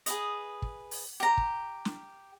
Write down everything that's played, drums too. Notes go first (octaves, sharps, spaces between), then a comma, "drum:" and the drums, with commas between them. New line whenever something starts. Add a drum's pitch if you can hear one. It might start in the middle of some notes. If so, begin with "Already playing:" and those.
G#4 B4 D#5, drum: hi-hat
drum: kick
drum: open hi-hat
G4 A#5
drum: kick
drum: snare